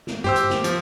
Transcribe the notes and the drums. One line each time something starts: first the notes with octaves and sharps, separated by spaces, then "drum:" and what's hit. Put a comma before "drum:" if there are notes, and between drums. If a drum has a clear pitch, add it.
drum: snare
G4 C5 E6, drum: tom G2
drum: hi-hat
drum: snare
F3, drum: hi-hat